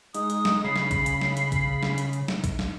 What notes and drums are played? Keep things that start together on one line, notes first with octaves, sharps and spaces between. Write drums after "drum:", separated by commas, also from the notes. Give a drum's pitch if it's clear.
G#3 D#4 D#6, drum: hi-hat
drum: hi-hat
drum: snare
C#3 B5 C7
drum: snare
drum: kick A#1, hi-hat
drum: hi-hat
drum: snare
drum: hi-hat
drum: kick A#1, hi-hat
drum: snare
drum: hi-hat
drum: hi-hat
drum: snare
drum: kick A#1, hi-hat
drum: snare